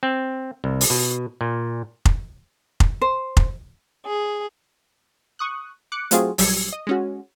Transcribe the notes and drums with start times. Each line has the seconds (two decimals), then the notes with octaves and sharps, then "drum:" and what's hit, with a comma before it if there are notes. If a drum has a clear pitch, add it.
0.03 C4
0.64 C2
0.81 drum: open hi-hat
0.90 B2
1.41 A#2
2.05 drum: kick F1
2.80 drum: kick F1
3.02 C5
3.37 drum: kick F1
4.06 G#4
5.39 C#6 D#6 F#6
5.92 D6 F#6 C#7
6.11 F#3 A3 C4 F4 F#4 G#4, drum: hi-hat
6.38 A#1 F#3 G3 E6 G#6 C#7, drum: open hi-hat
6.72 D#5
6.87 G#3 C#4 F#4